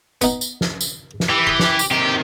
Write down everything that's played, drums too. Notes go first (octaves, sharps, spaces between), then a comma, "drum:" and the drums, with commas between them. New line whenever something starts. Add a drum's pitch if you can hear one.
B3 D#4, drum: tambourine
drum: tambourine
drum: snare
drum: tambourine
drum: snare
E3 G4
C6 D#6
drum: snare
drum: tambourine
C3 D#3 G4